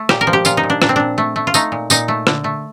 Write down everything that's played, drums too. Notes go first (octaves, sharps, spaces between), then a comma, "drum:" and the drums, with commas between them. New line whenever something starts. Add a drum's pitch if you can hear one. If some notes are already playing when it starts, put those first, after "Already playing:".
Already playing: A3
A#2 G4, drum: rim click
A#4
F3
G4
A#2 F4, drum: tambourine
D#4
A#2
D4
A#2 D4, drum: rim click
C4
A#2 D4
A3
A3
F4
A3 D#4, drum: tambourine
A#2
A#2 D#4, drum: tambourine
A3
D3, drum: rim click
A3